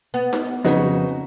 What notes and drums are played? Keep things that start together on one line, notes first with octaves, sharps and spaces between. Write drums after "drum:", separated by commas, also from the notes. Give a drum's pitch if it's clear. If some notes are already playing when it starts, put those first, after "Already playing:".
B3
drum: snare D#4
F2 C#3 D#4 F#4 B4, drum: hi-hat